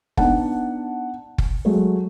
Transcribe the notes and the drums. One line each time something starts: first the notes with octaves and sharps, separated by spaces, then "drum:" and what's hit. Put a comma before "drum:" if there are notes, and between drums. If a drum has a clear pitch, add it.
B3 D4 D#4 F#5 A5, drum: kick F#1
drum: kick F#1
F#3 G#3 A3